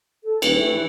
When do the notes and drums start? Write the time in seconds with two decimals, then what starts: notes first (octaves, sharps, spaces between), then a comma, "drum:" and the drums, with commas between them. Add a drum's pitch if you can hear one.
0.24 A4
0.42 D#1 B4, drum: cymbal
0.57 A2
0.73 E3